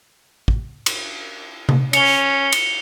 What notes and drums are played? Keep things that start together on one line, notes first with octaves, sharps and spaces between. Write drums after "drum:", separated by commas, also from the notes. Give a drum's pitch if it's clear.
drum: kick
drum: cymbal
drum: tom C3
C#4 C#7 F7 G7, drum: cymbal
drum: cymbal